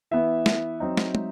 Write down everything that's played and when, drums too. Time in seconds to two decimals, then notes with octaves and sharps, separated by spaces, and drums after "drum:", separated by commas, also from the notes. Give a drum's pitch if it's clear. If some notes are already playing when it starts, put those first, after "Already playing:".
0.11 E3 B3 E4 E5
0.46 drum: snare
0.80 F#3 C4 D#4
0.97 drum: snare
1.15 drum: tom